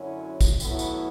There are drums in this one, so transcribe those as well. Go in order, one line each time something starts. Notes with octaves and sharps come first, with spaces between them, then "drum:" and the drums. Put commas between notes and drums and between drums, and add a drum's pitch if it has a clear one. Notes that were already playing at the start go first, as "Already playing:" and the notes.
Already playing: F#2 D3 F#3 C#4 E4
drum: kick, tambourine
A2 F#3 B3 E4, drum: tambourine
drum: tambourine